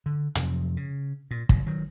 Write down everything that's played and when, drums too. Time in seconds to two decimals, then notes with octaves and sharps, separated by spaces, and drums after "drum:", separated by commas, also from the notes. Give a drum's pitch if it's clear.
0.06 D3
0.35 F2 C3 F3 F#3, drum: hi-hat
0.77 C#3
1.31 A#2
1.49 F#1 A#2 C#3, drum: kick
1.66 D#3 F#3